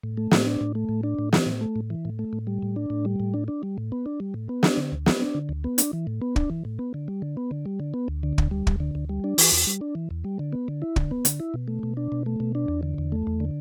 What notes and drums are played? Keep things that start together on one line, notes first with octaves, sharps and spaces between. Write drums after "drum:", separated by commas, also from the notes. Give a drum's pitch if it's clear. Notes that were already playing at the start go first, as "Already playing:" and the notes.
A2
A3
A2, drum: snare
D4
A2
A3
A2
D4
A2
E3, drum: snare
A2
A3
A2
E3
A2
A3
A2
G3
A2
D4
A2
G3
A2
D4
D4
G3
A2
B3
D4
G3
A2
B3
D4, drum: snare
D3
D2
B3, drum: snare
D4
D3
D2
B3
D4, drum: hi-hat
E3
A2
B3
D4, drum: kick
E3
A2
B3
D3
G3
D3
B3
D3
G3
D3
B3
D2
D3
D2, drum: kick
G3
D2, drum: kick
D3
D2
G3
D4
E3, drum: open hi-hat
E2
G3
D4
E3
E2
G3
D3
B3
D3
E4
D3, drum: kick
B3
D3, drum: hi-hat
E4
B2
A3
B2
D4
B2
A3
B2
D4
E2
D3
E2
A3
E2
D3